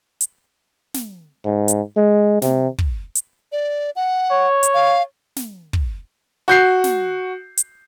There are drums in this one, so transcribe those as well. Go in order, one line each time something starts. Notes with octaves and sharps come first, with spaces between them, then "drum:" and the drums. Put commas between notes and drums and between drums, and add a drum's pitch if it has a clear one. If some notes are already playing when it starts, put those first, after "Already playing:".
drum: hi-hat
drum: snare
G#2
drum: hi-hat
G#3
C3, drum: snare
drum: kick
drum: hi-hat
D5
F#5
C#5
drum: hi-hat
F5
drum: snare
drum: kick
F#4 G6 C7
drum: snare
drum: hi-hat